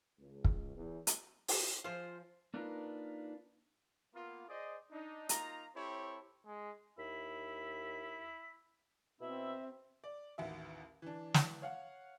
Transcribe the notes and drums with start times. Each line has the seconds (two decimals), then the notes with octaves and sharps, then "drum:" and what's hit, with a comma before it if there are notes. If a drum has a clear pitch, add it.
0.20 C#2
0.44 drum: kick
0.76 E2
1.07 drum: hi-hat
1.48 drum: open hi-hat
1.84 F3 F4 G#4 C5
2.54 A#3 D4 D#4 F4 A#4 B4
4.14 A#3 B3 F4
4.49 G#4 C5 D5 D#5
4.91 D4 D#4
5.29 A#3 D#4 F4 A#5, drum: hi-hat
5.75 C4 E4 G4 A4 C5 C#5
6.47 G#3
6.98 D#2 E4 B6
9.21 B2 C4 E4 E5
10.04 D5
10.38 A1 D#2 F#4 E5
11.02 E3 D4
11.34 drum: snare
11.62 C#5 F5 F#5